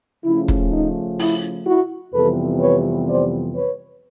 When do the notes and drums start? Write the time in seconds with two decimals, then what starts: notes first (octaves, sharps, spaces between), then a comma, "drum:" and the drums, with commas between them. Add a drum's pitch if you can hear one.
0.25 C#3 F3 A3 C#4 E4
0.48 drum: kick
0.72 D#4
1.19 E4, drum: open hi-hat
1.67 E4 F#4
2.14 F2 C3 E3 G3 B3 A4 B4
2.61 B4 C#5
3.08 C5 D5
3.55 B4 C#5